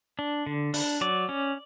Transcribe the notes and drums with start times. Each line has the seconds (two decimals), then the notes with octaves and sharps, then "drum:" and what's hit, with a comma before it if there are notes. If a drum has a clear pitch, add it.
0.19 D4
0.46 D3
0.74 D4, drum: open hi-hat
1.01 F#3 D5
1.29 C#4